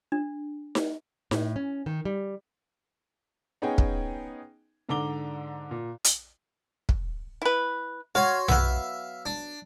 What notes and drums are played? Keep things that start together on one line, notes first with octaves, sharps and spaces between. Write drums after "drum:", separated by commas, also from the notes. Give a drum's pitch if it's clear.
D4
drum: snare D#4
A2, drum: snare D#4
C#4
D#3
G3
B3 C#4 D#4 G#4 G5 G#5
drum: kick
G#2 D3 A#5 D6 G7
A#2
drum: hi-hat
drum: kick
E4 B4
F#4 C#5 F5 C6
F#3 B3 E5 F5, drum: tom B1
D4